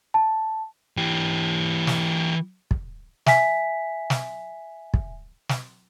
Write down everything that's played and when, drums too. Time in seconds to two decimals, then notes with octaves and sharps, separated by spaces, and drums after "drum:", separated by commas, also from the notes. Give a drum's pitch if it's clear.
0.14 A5
0.97 E3 G4
1.87 drum: snare
2.71 drum: kick
3.26 E5 G#5 B6, drum: snare
4.10 drum: snare
4.94 drum: kick
5.49 drum: snare